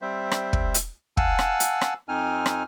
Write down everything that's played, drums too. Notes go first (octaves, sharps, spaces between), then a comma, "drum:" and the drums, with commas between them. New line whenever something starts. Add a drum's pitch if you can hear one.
G3 C4 C5 E5
drum: rim click
drum: kick
drum: hi-hat
F5 F#5 G#5 A5 E6, drum: kick
drum: rim click
drum: hi-hat
drum: rim click
F2 C4 D#4 G#5 F6
drum: rim click